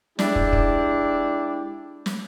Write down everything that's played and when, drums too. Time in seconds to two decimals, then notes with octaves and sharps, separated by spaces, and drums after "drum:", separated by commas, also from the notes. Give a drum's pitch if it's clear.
0.19 G#3 D4 E4 G4, drum: snare
0.36 drum: kick
0.53 drum: kick
2.06 drum: snare